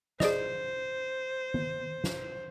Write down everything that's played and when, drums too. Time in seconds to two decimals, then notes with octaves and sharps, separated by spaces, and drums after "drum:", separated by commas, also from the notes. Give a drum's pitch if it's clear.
0.20 G#4 C5 D5 D#5, drum: snare
1.54 drum: tom D#3
2.04 drum: snare